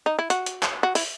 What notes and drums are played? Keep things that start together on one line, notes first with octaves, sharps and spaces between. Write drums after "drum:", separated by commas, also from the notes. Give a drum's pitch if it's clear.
D#4
E4
F#4, drum: hi-hat
drum: hi-hat
drum: clap
F#4
E4, drum: open hi-hat